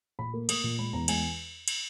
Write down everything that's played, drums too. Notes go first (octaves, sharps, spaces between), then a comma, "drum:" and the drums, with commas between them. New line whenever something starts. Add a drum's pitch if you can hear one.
A#2 B5
A#3
A#3 D#6, drum: cymbal
A#2
G#3 B5
E2 A#5
G#3 G#5, drum: cymbal
drum: cymbal